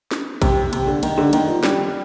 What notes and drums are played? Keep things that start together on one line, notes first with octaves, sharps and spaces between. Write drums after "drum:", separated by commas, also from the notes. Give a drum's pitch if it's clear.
drum: snare
C3, drum: kick A#1, cymbal
C3, drum: cymbal
D3
D#3, drum: cymbal
D3
D#3, drum: cymbal
F3
G3, drum: snare